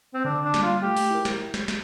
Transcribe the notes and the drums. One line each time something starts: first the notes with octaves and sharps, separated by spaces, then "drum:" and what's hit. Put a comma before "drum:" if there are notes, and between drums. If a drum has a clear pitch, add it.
C4
D3 D4
D4
G3 A#3, drum: snare
F4
A3 G4
drum: open hi-hat
E4 A#4
drum: snare
drum: snare
drum: snare